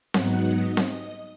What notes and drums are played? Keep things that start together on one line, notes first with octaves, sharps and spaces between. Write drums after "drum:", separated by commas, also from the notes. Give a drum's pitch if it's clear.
G#2 F#3 B3 D#4 F#5, drum: snare C4
D#5
drum: snare C4